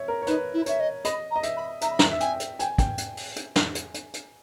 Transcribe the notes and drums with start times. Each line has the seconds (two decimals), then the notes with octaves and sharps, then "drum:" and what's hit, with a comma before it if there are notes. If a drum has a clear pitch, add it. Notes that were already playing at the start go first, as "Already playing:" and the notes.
Already playing: C#5 E5
0.08 A#4
0.22 C#5
0.27 D#4 B4, drum: hi-hat
0.53 E4
0.66 C#5 E5, drum: hi-hat
0.79 D#5
1.04 D#5 B5, drum: hi-hat
1.31 A#5
1.36 D#5
1.43 E5, drum: hi-hat
1.57 B5
1.81 E5 A#5, drum: hi-hat
1.90 B5
1.99 A#5, drum: snare
2.11 E5
2.20 G5 G#5, drum: hi-hat
2.40 drum: hi-hat
2.59 G5 G#5, drum: hi-hat
2.78 G5, drum: kick, hi-hat
2.98 drum: hi-hat
3.17 drum: open hi-hat
3.36 drum: hi-hat
3.56 drum: snare
3.75 drum: hi-hat
3.94 drum: hi-hat
4.14 drum: hi-hat